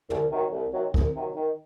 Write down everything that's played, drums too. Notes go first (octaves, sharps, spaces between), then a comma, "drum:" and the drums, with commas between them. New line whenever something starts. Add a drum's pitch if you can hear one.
C2, drum: tom
C3 D#3 F#3
C2
C3 D#3 F#3
C2, drum: kick
C3 D#3 F#3
D#3